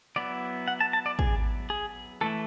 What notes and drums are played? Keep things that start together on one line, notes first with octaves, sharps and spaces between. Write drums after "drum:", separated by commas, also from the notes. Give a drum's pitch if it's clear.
F#3 B3 E4 D5
F#5
A5
A5
D5
G#4, drum: kick
G#4
E3 A3 E4 A4